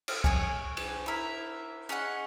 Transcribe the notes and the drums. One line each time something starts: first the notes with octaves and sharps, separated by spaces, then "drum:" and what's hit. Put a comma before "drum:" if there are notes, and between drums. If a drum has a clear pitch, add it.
drum: cymbal
G#4 C#5 G#5, drum: kick C2
drum: cymbal
E4 A#4 E5
C#4 G#4 D#5 F#5